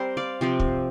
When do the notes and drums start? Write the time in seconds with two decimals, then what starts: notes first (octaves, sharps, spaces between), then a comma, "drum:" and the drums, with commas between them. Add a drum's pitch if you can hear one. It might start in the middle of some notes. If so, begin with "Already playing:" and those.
Already playing: G3 C4 A#4 C5
0.17 D5 F5
0.41 C3 F3 C4
0.60 drum: kick